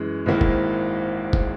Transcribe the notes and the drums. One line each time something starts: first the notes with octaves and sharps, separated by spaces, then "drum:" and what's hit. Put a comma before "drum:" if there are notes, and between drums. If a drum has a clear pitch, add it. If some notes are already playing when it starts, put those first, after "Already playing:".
Already playing: F#2 E3 G#3
G#1 G#2 D#3 A#3 E4
drum: kick
drum: kick